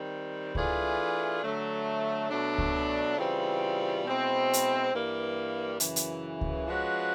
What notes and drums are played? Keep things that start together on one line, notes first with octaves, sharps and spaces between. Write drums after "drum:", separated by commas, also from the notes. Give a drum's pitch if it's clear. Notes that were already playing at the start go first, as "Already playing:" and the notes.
Already playing: D#3 G3 C4
E3 A3 D4 F4 G#4, drum: kick C#2
D3 F#3 A3
B2 F#3 A3 D4
drum: kick C#2
C#3 E3 G3 C4 F4
B2 G#3 C4 E4
drum: hi-hat
G2 E3 G3 A#3
F#2 C#3 E3, drum: hi-hat
drum: hi-hat
drum: kick C#2
F3 G#3 C#4 F#4 B4